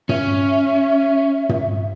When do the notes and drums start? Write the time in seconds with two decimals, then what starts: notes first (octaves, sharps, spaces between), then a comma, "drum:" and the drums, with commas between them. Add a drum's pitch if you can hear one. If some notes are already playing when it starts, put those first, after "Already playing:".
0.09 C#4 E5, drum: tom
1.49 drum: tom